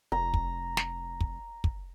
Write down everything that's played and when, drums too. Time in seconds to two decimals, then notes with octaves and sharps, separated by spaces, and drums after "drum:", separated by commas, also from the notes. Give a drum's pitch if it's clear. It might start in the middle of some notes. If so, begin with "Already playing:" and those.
0.12 F1 A#5
0.34 drum: kick
0.77 drum: snare
1.21 drum: kick
1.64 drum: kick